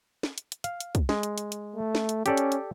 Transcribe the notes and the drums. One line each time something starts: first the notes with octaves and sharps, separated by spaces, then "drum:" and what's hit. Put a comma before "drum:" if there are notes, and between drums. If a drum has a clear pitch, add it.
drum: snare
drum: hi-hat
drum: hi-hat
F5, drum: hi-hat
drum: hi-hat
drum: kick, hi-hat
G#3, drum: snare
drum: hi-hat
drum: hi-hat
drum: hi-hat
A3
drum: snare
drum: hi-hat
C#4 G4 A4 D5, drum: hi-hat
drum: hi-hat
drum: hi-hat